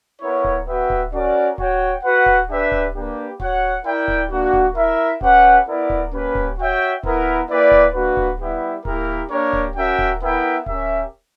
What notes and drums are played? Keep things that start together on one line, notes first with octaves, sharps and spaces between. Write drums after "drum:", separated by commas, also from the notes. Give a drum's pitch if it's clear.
B3 E4 A#4 C#5
drum: kick D1
B3 F#4 B4 E5 G5
drum: kick D1
C#4 F#4 A#4 D5
F#4 C#5 G5, drum: kick D1
F#4 B4 F#5
drum: kick D1
D4 G4 B4 E5
drum: kick D1
A#3 D4 G4 B4
F#4 C#5 F#5, drum: kick D1
E4 A#4 D5 G5
drum: kick D1
A#3 D4 F#4
drum: kick D1
E4 A#4 E5
C#4 G4 B4 F#5, drum: kick D1
B3 E4 A#4 D5
drum: kick D1
A#3 C#4 G4 B4
drum: kick D1
F#4 C#5 E5 G5
B3 E4 A#4, drum: kick D1
A#3 E4 B4 D5 G5
drum: kick D1
A#3 D4 F#4 B4
drum: kick D1
G3 B3 E4 G4
A#3 E4 G4 A#4, drum: kick D1
A#3 D4 G4 A#4 C#5
drum: kick D1
C#4 F#4 A#4 E5 G5
drum: kick D1
B3 E4 A#4 E5 G5
C#4 G4 A#4 E5, drum: kick D1